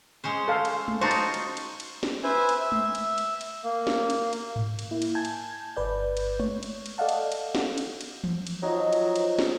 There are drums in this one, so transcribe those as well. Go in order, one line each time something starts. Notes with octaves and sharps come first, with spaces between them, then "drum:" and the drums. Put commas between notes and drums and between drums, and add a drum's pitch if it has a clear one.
G#3 C#4 C5
A4 F5
drum: cymbal
drum: tom G#3
D#4 F4 F#4 C5 A5
drum: cymbal
drum: cymbal
drum: cymbal
drum: cymbal
drum: snare
B4 C5 E5 G#5
drum: cymbal
E5
drum: tom G#3
drum: cymbal
drum: cymbal
drum: cymbal
A#3
drum: snare
drum: cymbal
drum: cymbal
drum: tom G#2
drum: cymbal
A#3 E4
drum: cymbal
G#5 A5 G6 G#6
drum: cymbal
G1 B4 D5 G6
drum: cymbal
C#5, drum: tom G#3
drum: cymbal
drum: cymbal
A4 D5 D#5 F5 F#5 A5
drum: cymbal
drum: cymbal
drum: snare
drum: cymbal
drum: cymbal
drum: tom E3
drum: cymbal
F3 F#3 D#4
drum: cymbal
drum: cymbal
drum: snare